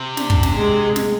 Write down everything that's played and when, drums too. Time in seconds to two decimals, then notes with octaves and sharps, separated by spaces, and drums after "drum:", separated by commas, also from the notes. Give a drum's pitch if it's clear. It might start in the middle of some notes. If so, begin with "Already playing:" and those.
Already playing: C3
0.17 D4, drum: snare
0.30 drum: kick
0.43 drum: snare
0.57 G#3
0.96 drum: snare